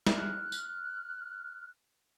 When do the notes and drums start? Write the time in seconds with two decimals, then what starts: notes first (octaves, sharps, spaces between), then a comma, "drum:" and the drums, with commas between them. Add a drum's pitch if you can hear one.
0.07 F6 F#6, drum: snare
0.52 drum: tambourine